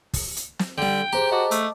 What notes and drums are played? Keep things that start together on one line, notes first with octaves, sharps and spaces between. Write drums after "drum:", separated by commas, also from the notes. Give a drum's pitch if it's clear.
drum: kick, open hi-hat
drum: hi-hat
drum: snare
D3 G3 G5
G4 G#4 C5 A#5
F#4 D#5 A5 D6
A3, drum: hi-hat